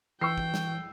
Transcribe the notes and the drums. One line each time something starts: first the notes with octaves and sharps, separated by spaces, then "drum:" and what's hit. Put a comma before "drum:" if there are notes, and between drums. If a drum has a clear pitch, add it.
E3 G5 C#6 E6 C7
drum: kick
drum: snare